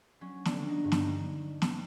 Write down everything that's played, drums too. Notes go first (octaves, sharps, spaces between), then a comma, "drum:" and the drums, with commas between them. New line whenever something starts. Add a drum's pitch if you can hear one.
F#3 C#4
D4, drum: snare
D3
D#4
G2
D#4, drum: snare
drum: snare